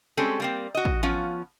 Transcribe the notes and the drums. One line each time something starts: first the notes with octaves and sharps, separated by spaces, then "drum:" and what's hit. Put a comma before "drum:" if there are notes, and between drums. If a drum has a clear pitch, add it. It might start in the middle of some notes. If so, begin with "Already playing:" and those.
G3 G#3 C4 C#4 G4 A4
G3 A#3 C4
F#4 D#5
drum: kick
F3 B3 C#4 F4